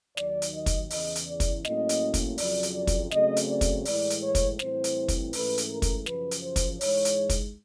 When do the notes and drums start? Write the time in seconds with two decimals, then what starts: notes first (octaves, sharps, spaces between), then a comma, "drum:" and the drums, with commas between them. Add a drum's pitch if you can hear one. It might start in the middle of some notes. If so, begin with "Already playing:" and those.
0.17 D#2 D#3 F#3 D5, drum: snare
0.42 drum: hi-hat
0.54 D#5
0.66 drum: kick, hi-hat
0.90 E2 C#3 E3 D#5, drum: open hi-hat
1.15 drum: hi-hat
1.28 D5
1.40 drum: kick, hi-hat
1.65 A2 F#3 A#3 C#4 D#5, drum: snare
1.89 drum: hi-hat
2.14 drum: kick, hi-hat
2.38 F2 C#3 F#3 D5, drum: open hi-hat
2.63 drum: hi-hat
2.75 D5
2.87 drum: kick, hi-hat
3.11 C#3 F#3 A3 C4 D#5, drum: snare
3.36 drum: hi-hat
3.49 D5
3.61 drum: kick, hi-hat
3.85 A2 E3 G#3 D5, drum: open hi-hat
4.10 drum: hi-hat
4.22 C#5
4.35 drum: kick, hi-hat
4.59 A2 E3 G3 C4 C5, drum: snare
4.84 drum: hi-hat
5.08 drum: kick, hi-hat
5.33 G#2 E3 A3 C#4 B4, drum: open hi-hat
5.58 drum: hi-hat
5.70 A#4
5.82 drum: kick, hi-hat
6.06 F#2 C#3 F3 B4, drum: snare
6.31 drum: hi-hat
6.43 C5
6.56 drum: kick, hi-hat
6.81 G#2 E3 G#3 C#5, drum: open hi-hat
7.05 drum: hi-hat
7.29 drum: kick, hi-hat